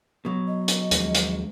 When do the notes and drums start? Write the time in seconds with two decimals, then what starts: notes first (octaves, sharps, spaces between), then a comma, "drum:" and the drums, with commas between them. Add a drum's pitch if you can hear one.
0.25 B2 F#3
0.48 D#5
0.68 drum: hi-hat
0.91 D#2 F3 G#3, drum: hi-hat
1.15 drum: hi-hat